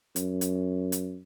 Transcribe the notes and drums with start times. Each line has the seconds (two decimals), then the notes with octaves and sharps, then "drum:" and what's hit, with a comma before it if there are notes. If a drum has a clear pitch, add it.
0.16 F#2, drum: hi-hat
0.41 drum: hi-hat
0.92 drum: hi-hat